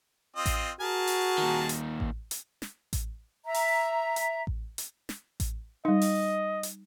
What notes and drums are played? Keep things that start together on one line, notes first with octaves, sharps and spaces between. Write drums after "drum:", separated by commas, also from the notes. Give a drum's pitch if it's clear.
C4 F4 D#5
drum: kick A1, hi-hat
F#4 G#4 A#4 A5
drum: open hi-hat
A#2 D#3
drum: hi-hat
drum: kick A1
drum: hi-hat
drum: snare
drum: kick A1, hi-hat
E5 A#5
drum: open hi-hat
drum: hi-hat
drum: kick A1
drum: hi-hat
drum: snare
drum: kick A1, hi-hat
G3 D#4 D#5
drum: open hi-hat
drum: hi-hat